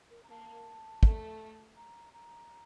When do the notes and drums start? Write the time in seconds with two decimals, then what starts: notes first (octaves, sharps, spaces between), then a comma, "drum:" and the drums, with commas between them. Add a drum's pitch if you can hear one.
0.10 A#4
0.23 A#5
0.29 A#3 A5
1.03 A3, drum: kick
1.77 A#5
2.13 A#5